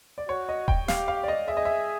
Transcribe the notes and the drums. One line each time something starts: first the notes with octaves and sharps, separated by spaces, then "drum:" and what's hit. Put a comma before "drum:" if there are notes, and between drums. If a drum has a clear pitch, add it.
D5
F#4 C#5
D#5
G5, drum: kick D#1
G4 F5, drum: snare
F5
D5
D#5
G#4 E5
D#5
E5